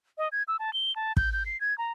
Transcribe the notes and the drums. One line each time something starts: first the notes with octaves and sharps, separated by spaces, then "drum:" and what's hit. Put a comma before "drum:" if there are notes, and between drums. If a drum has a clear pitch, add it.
D#5
G#6
E6
A5
G7
A5
G6, drum: kick
G6
C7
G#6
A#5